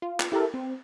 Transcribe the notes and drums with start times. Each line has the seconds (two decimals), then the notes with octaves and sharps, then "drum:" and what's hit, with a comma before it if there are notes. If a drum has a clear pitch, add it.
0.02 F4
0.20 drum: clap
0.32 E4 G4 A4 A#4
0.54 C4